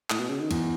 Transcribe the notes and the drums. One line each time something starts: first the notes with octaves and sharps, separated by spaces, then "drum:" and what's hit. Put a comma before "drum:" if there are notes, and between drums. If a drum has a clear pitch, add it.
A2, drum: clap
B2
C#3
D#3
E2 E3, drum: cymbal